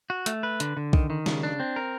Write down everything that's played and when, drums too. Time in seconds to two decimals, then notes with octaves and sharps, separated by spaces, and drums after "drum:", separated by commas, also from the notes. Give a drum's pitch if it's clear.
0.10 F#4
0.26 A3, drum: hi-hat
0.43 B4
0.60 D3, drum: hi-hat
0.77 D3
0.93 D#3, drum: kick B1
1.10 D#3
1.26 C#3, drum: snare
1.43 D4
1.60 C4
1.76 A#4